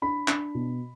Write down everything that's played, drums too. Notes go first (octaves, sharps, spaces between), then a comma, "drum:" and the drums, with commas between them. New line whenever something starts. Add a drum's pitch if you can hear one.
D4 B5
D4, drum: clap
B2